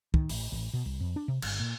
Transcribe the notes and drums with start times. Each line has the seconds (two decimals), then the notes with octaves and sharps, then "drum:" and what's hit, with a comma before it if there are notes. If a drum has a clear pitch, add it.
0.14 D#3, drum: kick
0.29 A1, drum: open hi-hat
0.52 A1
0.73 B2
0.86 C2
1.00 F2
1.16 D4
1.28 C3
1.42 G1, drum: cymbal
1.60 A#2